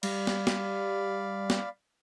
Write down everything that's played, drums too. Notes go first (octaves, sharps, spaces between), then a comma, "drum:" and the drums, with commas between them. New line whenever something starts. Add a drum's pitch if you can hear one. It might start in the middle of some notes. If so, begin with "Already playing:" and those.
G3 D5 F5 B5, drum: cymbal
drum: snare
drum: snare
drum: snare